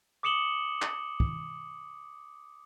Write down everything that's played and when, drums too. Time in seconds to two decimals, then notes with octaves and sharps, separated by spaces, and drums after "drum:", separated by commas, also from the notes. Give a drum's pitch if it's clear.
0.23 D6 D#6 C#7 E7 F#7 G7
0.82 drum: clap
1.20 drum: kick